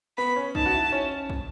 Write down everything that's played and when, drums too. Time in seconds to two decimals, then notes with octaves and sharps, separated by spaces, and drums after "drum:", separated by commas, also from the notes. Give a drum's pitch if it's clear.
0.17 B3 B5
0.36 C#4
0.55 D#4 A5, drum: kick
0.66 F#4
0.74 E4
0.92 C#4
1.30 drum: kick